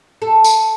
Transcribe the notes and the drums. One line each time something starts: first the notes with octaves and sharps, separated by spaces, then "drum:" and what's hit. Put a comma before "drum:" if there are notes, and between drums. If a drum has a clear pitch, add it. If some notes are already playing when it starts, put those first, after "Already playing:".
A4
drum: tambourine